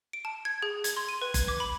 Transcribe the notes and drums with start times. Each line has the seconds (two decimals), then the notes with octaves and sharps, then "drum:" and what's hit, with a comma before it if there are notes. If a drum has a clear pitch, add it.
0.13 D7
0.25 A5
0.45 G#6
0.62 G#4
0.84 G#6, drum: hi-hat
0.97 C6
1.09 D#7
1.22 B4
1.34 G#6, drum: kick F#1, hi-hat
1.48 D6
1.60 B5